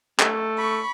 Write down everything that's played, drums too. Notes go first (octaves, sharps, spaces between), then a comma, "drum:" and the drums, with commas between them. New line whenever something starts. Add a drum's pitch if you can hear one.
A3, drum: clap
B5 C#6